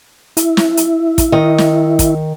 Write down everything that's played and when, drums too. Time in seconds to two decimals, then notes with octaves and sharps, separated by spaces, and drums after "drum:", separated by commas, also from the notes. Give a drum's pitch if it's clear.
0.37 E4, drum: hi-hat
0.57 drum: snare
0.77 drum: hi-hat
1.18 drum: kick, hi-hat
1.32 D#3 D#5
1.58 drum: snare
1.99 drum: kick, hi-hat